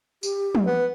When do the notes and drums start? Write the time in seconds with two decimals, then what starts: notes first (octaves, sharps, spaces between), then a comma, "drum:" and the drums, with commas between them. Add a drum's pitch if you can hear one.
0.23 G4, drum: tambourine
0.55 drum: tom
0.66 B3 B4